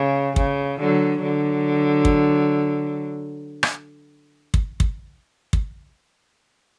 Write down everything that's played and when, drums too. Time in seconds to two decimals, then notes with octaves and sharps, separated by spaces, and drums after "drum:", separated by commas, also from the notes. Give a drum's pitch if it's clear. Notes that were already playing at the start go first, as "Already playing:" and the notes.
Already playing: C#3
0.36 C#3, drum: kick
0.80 D3 F#3
1.23 D3 F#3
2.05 drum: kick
3.63 drum: rim click
4.54 drum: kick
4.80 drum: kick
5.53 drum: kick